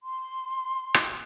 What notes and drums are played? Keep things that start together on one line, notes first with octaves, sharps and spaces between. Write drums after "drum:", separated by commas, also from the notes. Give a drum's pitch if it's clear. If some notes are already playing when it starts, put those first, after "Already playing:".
C6
drum: rim click